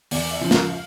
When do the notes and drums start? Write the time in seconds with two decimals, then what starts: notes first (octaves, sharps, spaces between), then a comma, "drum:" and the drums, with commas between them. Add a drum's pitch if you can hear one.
0.11 E2 D5, drum: open hi-hat
0.31 E5
0.41 C#3 F3
0.51 F5, drum: snare
0.70 F5